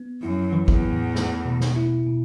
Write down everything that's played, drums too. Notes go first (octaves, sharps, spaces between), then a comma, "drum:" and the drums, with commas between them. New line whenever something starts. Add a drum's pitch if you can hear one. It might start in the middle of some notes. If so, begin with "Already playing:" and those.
Already playing: B3
F#2 E4
E3
E2, drum: kick
A2
A3, drum: snare
B2
drum: snare
E4
B2